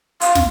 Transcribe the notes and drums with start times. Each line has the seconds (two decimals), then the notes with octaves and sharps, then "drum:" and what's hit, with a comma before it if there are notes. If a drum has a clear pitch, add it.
0.21 F5, drum: hi-hat
0.35 drum: snare